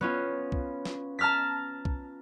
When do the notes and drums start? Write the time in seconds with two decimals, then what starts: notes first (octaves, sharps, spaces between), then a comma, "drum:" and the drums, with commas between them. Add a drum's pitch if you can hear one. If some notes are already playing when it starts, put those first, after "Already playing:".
0.01 B3 C#4 F4
0.52 drum: kick
0.85 drum: snare
1.19 A5 A#5 F6 A6 B6
1.85 drum: kick